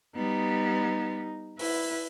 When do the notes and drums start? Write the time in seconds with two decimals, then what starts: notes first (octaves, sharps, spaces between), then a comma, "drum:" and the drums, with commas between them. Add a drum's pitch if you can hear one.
0.16 G3 B3 D#4
1.59 E4 B4, drum: open hi-hat